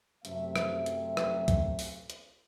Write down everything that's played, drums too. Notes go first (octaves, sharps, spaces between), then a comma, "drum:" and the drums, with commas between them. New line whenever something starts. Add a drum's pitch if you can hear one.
F#2 C3 A3 E5, drum: hi-hat
drum: rim click
drum: hi-hat
drum: rim click
drum: kick C2, hi-hat
drum: open hi-hat
drum: hi-hat